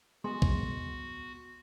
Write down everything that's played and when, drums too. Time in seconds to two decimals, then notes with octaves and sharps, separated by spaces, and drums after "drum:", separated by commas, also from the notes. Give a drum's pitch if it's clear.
0.24 G#3 B3 F#4 C6
0.42 drum: kick B1